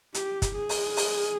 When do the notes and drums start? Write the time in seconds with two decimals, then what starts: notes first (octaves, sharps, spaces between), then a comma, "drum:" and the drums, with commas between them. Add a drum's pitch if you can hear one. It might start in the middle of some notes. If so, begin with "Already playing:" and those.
0.14 G4, drum: hi-hat
0.42 drum: kick, hi-hat
0.55 G#4
0.69 drum: open hi-hat
0.97 drum: open hi-hat